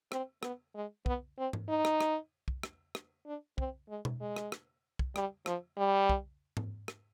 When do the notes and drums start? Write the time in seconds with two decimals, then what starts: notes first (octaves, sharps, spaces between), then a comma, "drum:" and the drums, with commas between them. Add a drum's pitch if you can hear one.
0.12 C4, drum: rim click
0.43 B3, drum: rim click
0.75 G#3
1.06 B3, drum: kick
1.38 C4
1.53 drum: tom G#2
1.69 D#4
1.85 drum: rim click
2.01 drum: rim click
2.48 drum: kick
2.63 drum: rim click
2.95 drum: rim click
3.26 D4
3.58 C4, drum: kick
3.89 G#3
4.05 drum: tom B2
4.21 G#3
4.36 drum: rim click
4.52 drum: rim click
4.99 drum: kick
5.16 G3, drum: rim click
5.46 F3, drum: rim click
5.77 G3
6.10 drum: kick
6.57 drum: tom G#2
6.88 drum: rim click